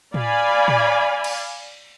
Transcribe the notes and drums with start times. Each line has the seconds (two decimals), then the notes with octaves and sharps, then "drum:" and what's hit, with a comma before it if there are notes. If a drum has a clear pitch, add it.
0.14 D5 F5 G#5 B5, drum: tom A2
0.68 drum: tom A2
1.24 drum: cymbal